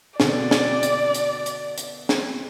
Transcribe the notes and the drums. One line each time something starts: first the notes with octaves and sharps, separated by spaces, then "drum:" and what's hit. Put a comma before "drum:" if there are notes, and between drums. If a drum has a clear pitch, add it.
B2 D3 D5, drum: snare
drum: snare
drum: hi-hat
drum: hi-hat
drum: hi-hat
drum: hi-hat
drum: snare